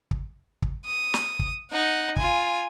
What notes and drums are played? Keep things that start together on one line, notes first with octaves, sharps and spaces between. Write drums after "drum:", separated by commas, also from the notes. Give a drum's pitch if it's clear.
drum: kick
drum: kick
D#6
drum: snare
drum: kick
D#4 F#5
F4 G#5, drum: kick